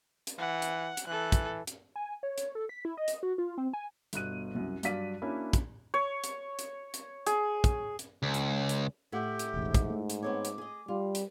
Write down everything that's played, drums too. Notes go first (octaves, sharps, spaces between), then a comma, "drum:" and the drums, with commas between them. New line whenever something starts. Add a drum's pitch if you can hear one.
drum: hi-hat
E3 F#5
drum: hi-hat
drum: hi-hat
E3 A4 F#6
drum: kick, hi-hat
drum: hi-hat
G#5
C#5
drum: hi-hat
A4
B6
E4
D#5
drum: hi-hat
F#4
F4
C4
G#5
G1 B2 F#6 D#7, drum: hi-hat
C2 F#2
G2 F#3 D5 F5 B6 D#7, drum: hi-hat
A#3 C#4 D4 E4 F#4 C#5
drum: kick, hi-hat
C#5
drum: hi-hat
drum: hi-hat
drum: hi-hat
G#4, drum: hi-hat
drum: kick, hi-hat
drum: hi-hat
C#2
drum: hi-hat
drum: hi-hat
A2 E4 G4 F#5
drum: hi-hat
E1 A1 G#2
drum: kick, hi-hat
A3
drum: hi-hat
B3 C4 C#5 D6
drum: hi-hat
G#4 D#5
G3 F4
drum: hi-hat